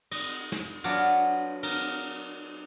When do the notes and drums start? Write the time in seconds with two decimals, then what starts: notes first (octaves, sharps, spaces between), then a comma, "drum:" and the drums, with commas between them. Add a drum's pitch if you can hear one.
0.11 D#5, drum: cymbal
0.52 drum: snare
0.84 F#3 B3 D4 F4 D5
1.63 A#4, drum: cymbal